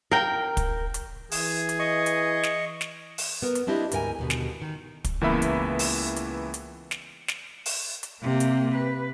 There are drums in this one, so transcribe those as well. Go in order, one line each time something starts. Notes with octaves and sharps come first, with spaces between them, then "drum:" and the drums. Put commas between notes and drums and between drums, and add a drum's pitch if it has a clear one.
A#4 G5
drum: kick, hi-hat
drum: hi-hat
E3 G#4, drum: open hi-hat
drum: hi-hat
D#5 C#6
drum: hi-hat
drum: snare
drum: snare
drum: open hi-hat
B3 A#4
drum: hi-hat
C4 D4 E4 G4 D#5
D2 G#2 A#4 G5 G#5, drum: hi-hat
D#2 B2 D3
drum: snare
D#3
drum: kick, hi-hat
C#2 E3 A#3 B3 E5 B5
drum: hi-hat
drum: open hi-hat
drum: hi-hat
drum: hi-hat
drum: snare
drum: snare
drum: open hi-hat
drum: hi-hat
C3 A#3
drum: hi-hat
B4